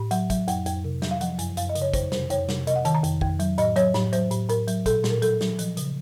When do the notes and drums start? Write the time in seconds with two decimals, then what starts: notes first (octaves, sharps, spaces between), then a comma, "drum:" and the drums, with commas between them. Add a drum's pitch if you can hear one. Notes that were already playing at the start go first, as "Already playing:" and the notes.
Already playing: A2
0.11 F#3 F#5, drum: hi-hat
0.30 F#3, drum: kick, hi-hat
0.48 F2 F#5, drum: hi-hat
0.66 F2, drum: hi-hat
0.84 C3
1.02 F#3, drum: snare
1.11 F5
1.21 F3 F#5, drum: hi-hat
1.39 F#2, drum: hi-hat
1.57 F#2 F5, drum: hi-hat
1.69 D#5
1.75 C#3, drum: hi-hat
1.82 C#5
1.94 F2 C5, drum: kick, hi-hat
2.12 C3 C5, drum: snare
2.30 F2 C#5, drum: hi-hat
2.49 C3, drum: snare
2.67 C3 D#5, drum: hi-hat
2.76 F#5
2.85 D#3 A5, drum: hi-hat
2.95 A#5
3.04 F2, drum: hi-hat
3.21 F2, drum: kick
3.40 F#3, drum: hi-hat
3.58 A2 D#5, drum: hi-hat
3.76 F#3 C#5, drum: hi-hat
3.94 A2, drum: snare
4.13 F#3 C5, drum: hi-hat
4.31 A2, drum: hi-hat
4.49 A2 A#4, drum: hi-hat
4.68 F#3, drum: hi-hat
4.86 A#2 A4, drum: kick, hi-hat
5.04 A#2, drum: snare
5.10 A#4
5.22 F#3 A4, drum: hi-hat
5.41 F#3, drum: snare
5.59 F3, drum: hi-hat
5.77 C#3, drum: hi-hat